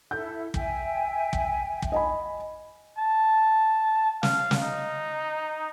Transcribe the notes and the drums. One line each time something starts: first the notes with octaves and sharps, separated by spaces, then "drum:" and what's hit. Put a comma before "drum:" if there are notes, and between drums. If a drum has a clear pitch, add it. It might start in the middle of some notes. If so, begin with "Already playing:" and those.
E4 A4 E5 G6
E5 G5 G#5, drum: kick
drum: kick
drum: kick
D#5 G#5 B5
A5
F5, drum: snare
drum: snare
D#4